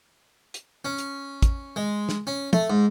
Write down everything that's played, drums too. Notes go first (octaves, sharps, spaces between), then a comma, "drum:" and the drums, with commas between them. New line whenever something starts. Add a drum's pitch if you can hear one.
drum: hi-hat
C#4
drum: hi-hat
drum: kick, hi-hat
G#3
drum: snare
C#4
A3, drum: tom
G#2